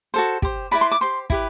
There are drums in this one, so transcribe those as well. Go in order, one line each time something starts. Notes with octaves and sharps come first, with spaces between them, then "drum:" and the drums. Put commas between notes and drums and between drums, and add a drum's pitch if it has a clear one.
F#4 A4 C5
G4 C5, drum: kick
E4 G4 B4 D5 B5
C6
D6
G4 C5 C6
E4 G4 B4, drum: kick